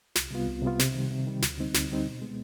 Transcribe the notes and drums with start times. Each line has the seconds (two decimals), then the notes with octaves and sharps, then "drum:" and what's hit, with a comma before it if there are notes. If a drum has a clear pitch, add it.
0.15 C2, drum: snare
0.31 C3 G3 B3 F4
0.48 C2
0.62 C3 G3 B3 F4
0.79 C3, drum: snare
0.94 D#3 G3
1.11 C3
1.26 D#3 G3
1.42 D2, drum: snare
1.58 D3 G3 C4 D#4
1.74 D2, drum: snare
1.90 D3 G3 C4 D#4
2.06 B2
2.22 G#3 B3